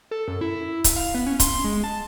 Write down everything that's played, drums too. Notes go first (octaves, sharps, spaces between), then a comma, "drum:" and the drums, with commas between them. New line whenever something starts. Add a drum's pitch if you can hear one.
A4
F#2
E4
drum: kick C#1, hi-hat
F5
B3
C#4
C6, drum: kick C#1, hi-hat
G#3
A5